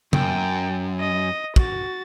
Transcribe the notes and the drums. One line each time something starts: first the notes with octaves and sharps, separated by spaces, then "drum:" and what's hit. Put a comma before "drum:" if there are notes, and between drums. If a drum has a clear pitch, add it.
F#2 G5, drum: tom C#3
D#5
F#4 A6, drum: kick